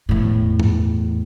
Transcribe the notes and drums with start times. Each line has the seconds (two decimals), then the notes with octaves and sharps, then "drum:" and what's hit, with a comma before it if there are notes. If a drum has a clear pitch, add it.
0.09 E2 A2
0.60 drum: tom G2